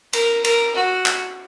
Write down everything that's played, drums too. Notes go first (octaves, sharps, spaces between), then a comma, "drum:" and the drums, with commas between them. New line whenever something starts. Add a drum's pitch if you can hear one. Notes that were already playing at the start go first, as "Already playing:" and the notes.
A#4, drum: cymbal
A#4, drum: cymbal
F#4
drum: clap